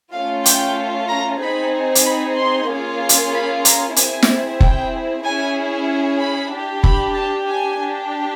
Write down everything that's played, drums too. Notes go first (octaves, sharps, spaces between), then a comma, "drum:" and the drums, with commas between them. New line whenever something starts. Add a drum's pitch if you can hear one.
A3 C#4 F4 F5
G5, drum: hi-hat
A#5
C4 D#4 G#4 B5
drum: hi-hat
B5
C6
A#3 C#4 F4 G#4
drum: hi-hat
B5
A#5, drum: hi-hat
C4 E4 G#4 G#5, drum: hi-hat
drum: snare
G5, drum: kick
C#4 E4 G#4 G#5
B5
D4 G4
B5, drum: kick
A5
G#5
D4 G4